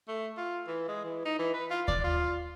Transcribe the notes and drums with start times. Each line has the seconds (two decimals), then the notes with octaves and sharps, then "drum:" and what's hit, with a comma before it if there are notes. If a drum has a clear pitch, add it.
0.08 A3
0.38 F4
0.67 E3
0.88 G#3
1.05 E3
1.26 D#4
1.39 E3
1.54 B4
1.70 F4
1.88 D5, drum: kick D#2
2.04 F4